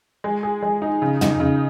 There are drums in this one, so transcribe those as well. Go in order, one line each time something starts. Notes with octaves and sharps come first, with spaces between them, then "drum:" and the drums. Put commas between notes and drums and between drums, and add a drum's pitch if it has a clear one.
G#3
G#4
G#3
D#4
C#3
D#4, drum: tom
C#3